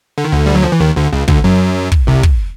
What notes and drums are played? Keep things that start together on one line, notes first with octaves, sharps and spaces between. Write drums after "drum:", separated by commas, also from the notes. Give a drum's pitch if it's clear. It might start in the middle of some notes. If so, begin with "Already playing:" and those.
D3
D#3
D2 D3
G3
F#3
F3
E3
D#2 D#3
D2 D3
C#2 C#3
D2 D3, drum: kick
F#2 F#3
drum: kick
C2 C3
drum: kick